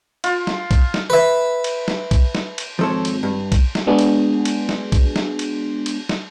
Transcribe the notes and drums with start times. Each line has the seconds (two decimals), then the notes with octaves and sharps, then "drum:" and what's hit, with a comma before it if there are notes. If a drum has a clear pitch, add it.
0.24 F4, drum: cymbal
0.47 drum: snare
0.71 drum: kick B1, cymbal
0.94 drum: snare
1.10 B4 E5
1.64 drum: cymbal
1.88 drum: snare
2.11 drum: kick B1, cymbal
2.35 drum: snare
2.58 drum: cymbal
2.79 G#1 F3 A4 C#5
3.05 drum: cymbal
3.23 G2
3.52 drum: kick B1, cymbal
3.75 drum: snare
3.87 G#3 B3 D4 F#4 G#4
3.99 drum: cymbal
4.45 drum: cymbal
4.69 drum: snare
4.92 drum: kick B1, cymbal
5.16 drum: snare
5.39 drum: cymbal
5.86 drum: cymbal
6.09 drum: snare